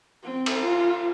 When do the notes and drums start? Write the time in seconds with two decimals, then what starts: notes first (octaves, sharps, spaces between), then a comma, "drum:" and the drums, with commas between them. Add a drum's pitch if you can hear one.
0.23 C4
0.46 drum: cymbal
0.62 F4